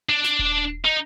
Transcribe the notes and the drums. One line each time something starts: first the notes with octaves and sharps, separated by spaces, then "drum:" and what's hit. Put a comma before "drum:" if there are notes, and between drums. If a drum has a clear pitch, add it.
D4
drum: snare
drum: kick D#1
D#4